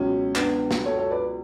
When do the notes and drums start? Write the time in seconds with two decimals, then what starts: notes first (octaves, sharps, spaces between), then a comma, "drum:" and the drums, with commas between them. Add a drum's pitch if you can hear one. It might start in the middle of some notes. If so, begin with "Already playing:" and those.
Already playing: C#2 B2 F#3 C#4
0.36 B3 D4, drum: clap
0.71 drum: snare
0.85 A4 C#5
0.98 A4 C#5
1.11 B4 D5